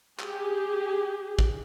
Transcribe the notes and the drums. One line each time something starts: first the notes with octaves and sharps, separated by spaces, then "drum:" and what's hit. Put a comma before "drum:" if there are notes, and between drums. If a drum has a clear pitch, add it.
G4 G#4, drum: clap
drum: kick